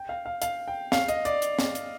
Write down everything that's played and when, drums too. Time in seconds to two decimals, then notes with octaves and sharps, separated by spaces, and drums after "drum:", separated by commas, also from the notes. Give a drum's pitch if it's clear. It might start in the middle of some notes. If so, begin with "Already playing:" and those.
Already playing: G5
0.09 F5
0.26 F5
0.42 F5, drum: hi-hat
0.68 G5
0.92 F5, drum: snare
1.08 D#5, drum: hi-hat
1.25 D5, drum: hi-hat
1.42 drum: hi-hat
1.59 drum: snare
1.75 drum: hi-hat